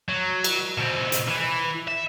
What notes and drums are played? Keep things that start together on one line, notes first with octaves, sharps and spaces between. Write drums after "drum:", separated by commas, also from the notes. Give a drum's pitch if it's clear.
F#3
drum: cymbal
B2 C4
drum: hi-hat
E3
E5